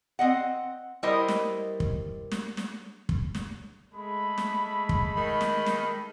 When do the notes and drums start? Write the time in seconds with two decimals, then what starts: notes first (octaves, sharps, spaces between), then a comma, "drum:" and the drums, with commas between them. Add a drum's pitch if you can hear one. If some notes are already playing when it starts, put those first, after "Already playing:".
0.19 C4 D#5 F#5
1.03 G3 E4 A#4 C5 D#5
1.29 drum: snare
1.80 drum: kick
2.32 drum: snare
2.57 drum: snare
3.09 drum: kick
3.35 drum: snare
3.95 G#3 A3 B5
4.38 drum: snare
4.89 drum: kick
5.17 D#3
5.41 drum: snare
5.67 drum: snare